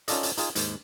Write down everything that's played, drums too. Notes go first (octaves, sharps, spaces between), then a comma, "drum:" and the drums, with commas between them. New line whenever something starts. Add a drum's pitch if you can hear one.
C#4 D#4 F4 A4 D5 D#5, drum: hi-hat
drum: hi-hat
D#4 F4 G#4, drum: hi-hat
D#2 G#2, drum: hi-hat